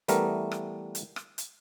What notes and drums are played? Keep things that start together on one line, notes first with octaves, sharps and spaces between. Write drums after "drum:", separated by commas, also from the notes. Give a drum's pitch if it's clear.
E3 G3 A3 B3 A#4, drum: hi-hat
drum: rim click
drum: hi-hat
drum: rim click
drum: hi-hat